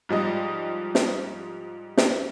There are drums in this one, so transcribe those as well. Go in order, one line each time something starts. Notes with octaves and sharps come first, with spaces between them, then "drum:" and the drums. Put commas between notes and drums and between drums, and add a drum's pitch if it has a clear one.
G#2 F3 G3 D#5
drum: snare
drum: snare